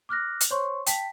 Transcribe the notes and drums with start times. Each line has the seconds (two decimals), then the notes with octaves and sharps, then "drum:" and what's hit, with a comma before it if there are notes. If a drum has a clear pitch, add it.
0.09 D6 F6 F#6 A#6
0.41 drum: hi-hat
0.51 C5 C#5 C6 C#6
0.86 G5 A5 B6, drum: hi-hat